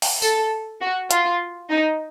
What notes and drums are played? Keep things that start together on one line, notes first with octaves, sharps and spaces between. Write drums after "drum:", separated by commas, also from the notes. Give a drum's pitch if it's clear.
drum: open hi-hat
A4, drum: tambourine
F#4
F4, drum: hi-hat
D#4